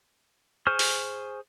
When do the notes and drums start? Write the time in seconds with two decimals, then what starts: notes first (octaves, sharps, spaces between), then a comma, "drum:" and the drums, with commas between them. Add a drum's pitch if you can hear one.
0.67 G#4 C5 G#5 C#6 F6
0.79 drum: open hi-hat